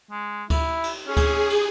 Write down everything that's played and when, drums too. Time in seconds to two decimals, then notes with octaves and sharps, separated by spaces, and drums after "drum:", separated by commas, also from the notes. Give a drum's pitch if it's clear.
0.11 G#3
0.50 E4, drum: kick D2, cymbal
0.83 drum: cymbal
1.07 C#4 G#4
1.17 drum: kick D2, cymbal
1.50 drum: cymbal